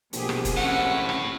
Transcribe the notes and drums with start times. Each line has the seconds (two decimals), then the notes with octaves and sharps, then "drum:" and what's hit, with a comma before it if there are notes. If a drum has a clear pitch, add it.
0.13 A#1 B2 G4 G#4, drum: hi-hat
0.29 drum: rim click
0.45 drum: kick, hi-hat
0.57 A2 C3 C#4 F#5
1.09 drum: rim click